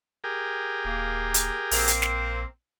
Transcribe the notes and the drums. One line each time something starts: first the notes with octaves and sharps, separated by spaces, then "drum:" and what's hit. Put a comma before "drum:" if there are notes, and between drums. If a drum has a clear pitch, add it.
G4 G#4 A#4
D#1 A#3
drum: hi-hat
A#1 A#3 C4, drum: open hi-hat
drum: hi-hat
drum: snare